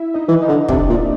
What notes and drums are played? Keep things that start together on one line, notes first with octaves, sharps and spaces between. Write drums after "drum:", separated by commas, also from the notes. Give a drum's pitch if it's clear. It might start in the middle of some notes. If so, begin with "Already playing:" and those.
Already playing: E4 E5
D#4 D#5
E3
D#4 D#5
D3
C3 D4 D5, drum: kick
A#2